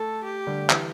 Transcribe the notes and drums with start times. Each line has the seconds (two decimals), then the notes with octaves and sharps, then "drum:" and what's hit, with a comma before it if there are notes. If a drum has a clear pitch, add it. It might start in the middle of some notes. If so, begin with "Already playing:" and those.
Already playing: A3 A4
0.24 G4
0.47 D3 G3
0.70 E3, drum: clap